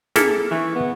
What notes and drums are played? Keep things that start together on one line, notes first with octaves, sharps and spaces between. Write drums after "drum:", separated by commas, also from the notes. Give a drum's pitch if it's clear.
A#3 E4 G#4 A4, drum: snare
E3 C#6
B3